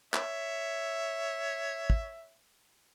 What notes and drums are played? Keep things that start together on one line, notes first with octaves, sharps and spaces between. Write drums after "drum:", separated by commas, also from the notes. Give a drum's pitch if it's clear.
C#5 E5, drum: clap
drum: kick